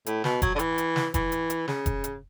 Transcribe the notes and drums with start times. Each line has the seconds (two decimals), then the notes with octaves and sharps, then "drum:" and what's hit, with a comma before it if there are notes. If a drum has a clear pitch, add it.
0.06 A2, drum: hi-hat
0.24 B2, drum: snare
0.42 F#3, drum: kick F1, hi-hat
0.55 D3
0.59 E3, drum: hi-hat
0.78 drum: hi-hat
0.96 drum: snare
1.14 E3, drum: kick F1, hi-hat
1.32 drum: hi-hat
1.50 drum: hi-hat
1.68 C#3, drum: snare
1.86 drum: kick F1, hi-hat
2.04 drum: hi-hat